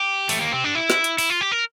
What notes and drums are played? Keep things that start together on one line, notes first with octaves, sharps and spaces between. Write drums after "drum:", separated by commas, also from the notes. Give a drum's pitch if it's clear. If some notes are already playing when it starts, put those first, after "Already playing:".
Already playing: G4
A3, drum: open hi-hat
A#3
C4
D4
E4
drum: snare
drum: hi-hat
E4, drum: open hi-hat
F4
G4
A#4